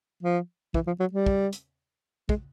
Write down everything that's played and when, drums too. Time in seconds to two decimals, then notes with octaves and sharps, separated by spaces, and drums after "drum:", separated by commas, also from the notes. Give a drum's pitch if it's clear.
0.23 F3
0.74 E3, drum: kick
0.87 F3
1.00 F#3
1.13 G3
1.26 drum: kick
1.52 drum: hi-hat
2.29 G#3, drum: kick